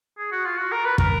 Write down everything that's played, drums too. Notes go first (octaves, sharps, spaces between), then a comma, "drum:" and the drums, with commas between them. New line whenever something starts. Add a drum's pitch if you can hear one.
G#4
F#4
F4
F#4
A#4
B4
A#4, drum: kick